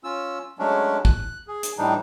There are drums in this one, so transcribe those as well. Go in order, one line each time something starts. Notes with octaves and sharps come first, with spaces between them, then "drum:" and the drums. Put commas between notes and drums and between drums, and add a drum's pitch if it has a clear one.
C#4 F4 E6
F#3 G#3 A3 C#4 D4
F#6, drum: kick
G#4
drum: hi-hat
A2 E3 G3 D4 D#4